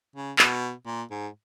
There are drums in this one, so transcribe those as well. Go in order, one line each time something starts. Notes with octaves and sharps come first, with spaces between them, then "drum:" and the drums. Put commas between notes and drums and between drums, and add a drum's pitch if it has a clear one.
C#3
B2, drum: clap
A#2
G#2